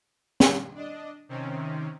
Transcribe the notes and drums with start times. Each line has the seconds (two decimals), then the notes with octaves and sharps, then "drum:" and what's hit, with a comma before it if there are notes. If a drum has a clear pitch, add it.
0.40 drum: snare
0.75 D4 D#5
1.29 C3 D#3 C4 C#4